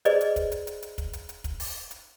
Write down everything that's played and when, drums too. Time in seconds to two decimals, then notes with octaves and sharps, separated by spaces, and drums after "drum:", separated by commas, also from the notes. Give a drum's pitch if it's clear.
0.05 G#4 B4 C5 D5 D#5, drum: hi-hat
0.21 drum: hi-hat
0.36 drum: kick, hi-hat
0.52 drum: hi-hat
0.67 drum: hi-hat
0.82 drum: hi-hat
0.98 drum: kick, hi-hat
1.13 drum: hi-hat
1.29 drum: hi-hat
1.44 drum: kick, hi-hat
1.60 drum: open hi-hat
1.91 drum: hi-hat